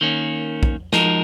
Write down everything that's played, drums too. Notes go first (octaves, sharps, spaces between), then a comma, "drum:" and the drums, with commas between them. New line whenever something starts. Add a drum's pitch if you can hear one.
D#3 A#3 C#4
drum: kick
F3 G#3 D#4 F#4 A#4, drum: snare